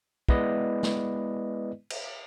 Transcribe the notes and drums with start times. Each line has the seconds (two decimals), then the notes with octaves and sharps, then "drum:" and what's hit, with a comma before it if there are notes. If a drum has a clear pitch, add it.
0.29 G#3 B3 E4 B4 D5 D#5, drum: kick
0.83 drum: snare
1.90 drum: cymbal